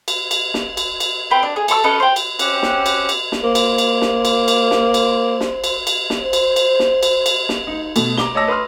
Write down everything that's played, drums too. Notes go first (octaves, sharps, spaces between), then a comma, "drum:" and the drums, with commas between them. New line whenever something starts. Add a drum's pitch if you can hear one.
drum: cymbal
drum: cymbal
drum: snare
drum: cymbal
drum: cymbal
C4 B4 G5
D4
G#4
A4 A5 C#6 E6, drum: cymbal
C#4 A4 B4 D#5
C5 G5
drum: cymbal
C4 C#4 G4 F#5 E6 F#6, drum: cymbal
drum: snare
drum: cymbal
drum: cymbal
drum: snare
A#3 C5
drum: cymbal
drum: cymbal
drum: snare
drum: cymbal
drum: cymbal
drum: snare
drum: cymbal
drum: snare
drum: cymbal
drum: cymbal
drum: snare
C5
drum: cymbal
drum: cymbal
drum: snare
drum: cymbal
drum: cymbal
drum: snare
D#4
B2 A3, drum: cymbal
A#5 D6 G7, drum: snare
C#5 D#5 A5 D6 E6 A#6
B4 C6 D#6 F6